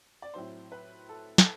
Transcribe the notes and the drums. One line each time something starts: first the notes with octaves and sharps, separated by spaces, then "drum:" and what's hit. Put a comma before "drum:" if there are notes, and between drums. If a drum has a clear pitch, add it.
D5
A2 F#3 C4 E4 C5
B4
A4
A4, drum: snare